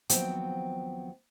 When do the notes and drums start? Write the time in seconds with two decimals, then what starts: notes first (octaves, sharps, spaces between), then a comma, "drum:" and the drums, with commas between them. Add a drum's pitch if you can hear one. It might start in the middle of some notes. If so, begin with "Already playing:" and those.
0.09 D#2 F3 F#3 B3 C4 G5, drum: hi-hat